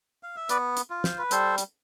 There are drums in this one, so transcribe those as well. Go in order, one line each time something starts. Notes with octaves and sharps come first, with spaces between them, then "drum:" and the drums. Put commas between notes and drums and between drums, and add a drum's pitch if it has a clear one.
F5
E5
B3 B4 D5, drum: hi-hat
drum: hi-hat
F4
C5, drum: snare
B4
G3 A4 C5, drum: hi-hat
drum: hi-hat